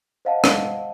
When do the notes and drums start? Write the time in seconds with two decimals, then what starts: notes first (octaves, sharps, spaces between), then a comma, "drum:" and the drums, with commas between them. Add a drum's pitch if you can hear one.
0.25 C5 D#5 F5 F#5 A5
0.44 drum: rim click